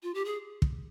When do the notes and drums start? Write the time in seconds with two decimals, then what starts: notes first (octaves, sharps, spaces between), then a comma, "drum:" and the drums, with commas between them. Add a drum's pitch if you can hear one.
0.03 F4
0.14 G4
0.25 G#4
0.62 drum: kick